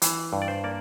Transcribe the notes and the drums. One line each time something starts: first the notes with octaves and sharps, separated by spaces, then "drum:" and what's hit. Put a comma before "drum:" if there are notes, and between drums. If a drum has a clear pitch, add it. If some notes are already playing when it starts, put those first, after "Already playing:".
E3, drum: hi-hat
G2
D5
C5
A#3 D5